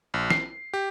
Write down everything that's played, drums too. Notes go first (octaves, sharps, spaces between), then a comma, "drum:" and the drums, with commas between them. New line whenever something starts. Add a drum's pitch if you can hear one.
A#1
C7, drum: snare
G4